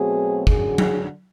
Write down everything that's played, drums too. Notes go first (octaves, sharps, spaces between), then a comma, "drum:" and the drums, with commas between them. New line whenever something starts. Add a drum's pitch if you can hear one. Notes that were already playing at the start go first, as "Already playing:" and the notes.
Already playing: B2 F#3 A3 C4 G#4
F#2 D3 F#3 G#4, drum: kick
drum: tom F#3